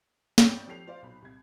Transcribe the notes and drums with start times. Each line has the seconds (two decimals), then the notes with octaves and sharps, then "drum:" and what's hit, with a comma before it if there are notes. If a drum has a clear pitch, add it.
0.38 G#1 C#4 C#5 D5 G5 G6, drum: snare
0.68 F3 G4 A4 C7 F7
0.87 F4 C5 D5 F5
1.02 B1 B5
1.22 C2 G#6